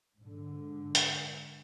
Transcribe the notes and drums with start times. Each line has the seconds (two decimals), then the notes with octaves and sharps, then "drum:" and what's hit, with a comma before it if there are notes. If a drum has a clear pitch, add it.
0.17 G#2 D3
0.95 drum: hi-hat